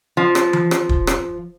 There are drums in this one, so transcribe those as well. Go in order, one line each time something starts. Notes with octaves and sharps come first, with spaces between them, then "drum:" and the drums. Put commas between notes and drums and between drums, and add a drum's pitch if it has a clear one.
F3
drum: rim click
drum: tom E3
drum: rim click
drum: kick
drum: rim click